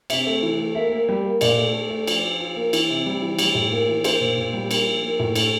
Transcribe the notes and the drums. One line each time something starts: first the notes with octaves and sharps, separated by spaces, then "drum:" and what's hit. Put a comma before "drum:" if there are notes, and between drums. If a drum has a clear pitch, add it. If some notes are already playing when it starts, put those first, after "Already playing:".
C3 E5, drum: cymbal
A3
E3
A3
A#3 E5
A#3
G3
A#3
A#2 D5, drum: cymbal
A3
A3
A3
F3, drum: cymbal
F3
F3
A#3
E3, drum: cymbal
C3
G3
E3
G3, drum: cymbal
A2
A#3
E3
A#3 C5, drum: cymbal
A#2
A#2
G3
A#3, drum: cymbal
F3
A#3
A2
A3, drum: cymbal